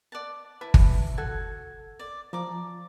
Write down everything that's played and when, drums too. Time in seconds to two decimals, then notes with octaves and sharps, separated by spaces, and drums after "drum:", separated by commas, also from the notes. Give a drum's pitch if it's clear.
0.12 D5 F#5 A5
0.61 E4 B4 A5
0.74 drum: kick G1
1.18 F#4 A4 G#6
1.99 D5
2.33 F3 D5 A#5 D6